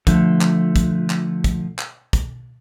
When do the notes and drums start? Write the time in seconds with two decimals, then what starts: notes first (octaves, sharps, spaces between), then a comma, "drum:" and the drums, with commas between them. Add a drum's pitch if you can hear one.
0.07 D3 F3 A3, drum: kick, hi-hat
0.41 drum: clap
0.76 drum: kick, hi-hat
1.10 drum: clap
1.44 drum: kick, hi-hat
1.79 drum: clap
2.13 drum: kick, hi-hat